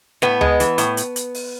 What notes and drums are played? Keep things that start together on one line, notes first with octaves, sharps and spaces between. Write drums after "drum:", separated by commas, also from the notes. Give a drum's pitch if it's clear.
A2 B3 B4, drum: snare
G#3, drum: tom D2
E3, drum: hi-hat
A2, drum: hi-hat
drum: hi-hat
drum: hi-hat
drum: open hi-hat